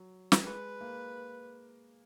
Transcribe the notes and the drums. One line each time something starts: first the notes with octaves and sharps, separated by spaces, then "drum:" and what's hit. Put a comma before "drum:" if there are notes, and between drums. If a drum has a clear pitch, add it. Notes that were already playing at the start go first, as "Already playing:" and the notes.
Already playing: F#3
drum: snare
G#3 B4
A#3